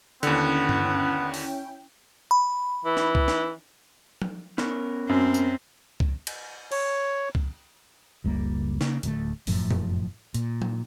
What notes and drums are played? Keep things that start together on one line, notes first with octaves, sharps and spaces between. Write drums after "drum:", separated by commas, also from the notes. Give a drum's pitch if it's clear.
D#2 D3 B3 C#4 E4 G5, drum: hi-hat
drum: tom G2
drum: open hi-hat
B5
E3
drum: snare
drum: kick C2
drum: snare
drum: tom F3
B3 C#4 A#4, drum: snare
F#2 C4
drum: tambourine
drum: kick C2
drum: cymbal
C#5, drum: cymbal
drum: kick C2
F#1 C#2 G3 A#3
C#3 A#3, drum: snare
D1 D2 A3, drum: hi-hat
F1 F#2 A2 F3, drum: open hi-hat
drum: tom A2
A#2, drum: hi-hat
drum: tom F3